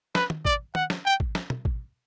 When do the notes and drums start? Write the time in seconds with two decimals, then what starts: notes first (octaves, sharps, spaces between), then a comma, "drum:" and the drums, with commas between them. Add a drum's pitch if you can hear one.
0.15 B4, drum: snare
0.30 drum: tom
0.45 D5, drum: kick A1
0.75 F#5, drum: tom
0.90 drum: snare
1.05 G5
1.20 drum: kick A1
1.35 drum: snare
1.50 drum: tom
1.65 drum: kick A1